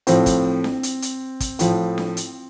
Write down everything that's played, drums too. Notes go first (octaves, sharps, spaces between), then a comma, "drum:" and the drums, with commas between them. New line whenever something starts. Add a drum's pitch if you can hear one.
A2 F3 C4, drum: hi-hat
drum: kick, hi-hat
drum: snare D4
drum: hi-hat
drum: hi-hat
drum: kick, hi-hat
A2 F3, drum: hi-hat
drum: snare D4
drum: hi-hat